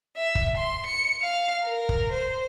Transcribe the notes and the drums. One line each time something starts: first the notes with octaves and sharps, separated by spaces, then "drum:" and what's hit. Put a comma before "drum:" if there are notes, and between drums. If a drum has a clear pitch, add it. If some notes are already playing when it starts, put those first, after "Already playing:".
E5
drum: kick
C6
C#7
F5
A#4
drum: kick
C5